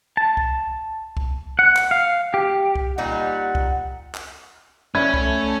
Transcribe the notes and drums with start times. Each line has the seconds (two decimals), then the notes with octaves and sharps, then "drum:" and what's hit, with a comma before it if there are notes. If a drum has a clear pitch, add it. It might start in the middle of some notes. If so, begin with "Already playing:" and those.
0.17 A5
0.37 drum: kick C2
1.17 drum: kick C2
1.59 F#5
1.76 drum: clap
1.91 F5
2.34 G4
2.75 drum: kick C2
2.98 A#2 G3 D#4 F#5
3.55 drum: kick C2
4.14 drum: clap
4.95 A3 C#4 A4 D5 E5 B5 G#6
5.14 drum: kick C2